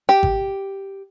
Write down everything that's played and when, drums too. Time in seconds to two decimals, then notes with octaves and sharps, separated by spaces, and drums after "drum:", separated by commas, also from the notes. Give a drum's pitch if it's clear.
0.09 G4
0.23 drum: kick G#1